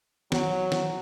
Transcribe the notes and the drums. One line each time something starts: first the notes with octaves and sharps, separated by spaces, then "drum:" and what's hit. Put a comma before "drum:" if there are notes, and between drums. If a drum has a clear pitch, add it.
F#3, drum: snare
drum: snare